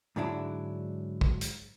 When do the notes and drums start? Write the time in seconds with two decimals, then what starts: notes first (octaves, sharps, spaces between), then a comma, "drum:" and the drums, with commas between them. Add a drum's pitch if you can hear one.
0.16 G#2 D3 F#3 D4 E4
1.21 drum: kick
1.41 drum: hi-hat